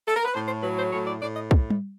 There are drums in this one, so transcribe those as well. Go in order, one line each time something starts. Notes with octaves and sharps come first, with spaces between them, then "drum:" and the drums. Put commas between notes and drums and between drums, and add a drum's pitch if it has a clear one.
A4
A#4
B4
A2 C5
C5
F#3 B4
C5
A2 C#5
D5
A2 D5
D#5
drum: kick
drum: tom G3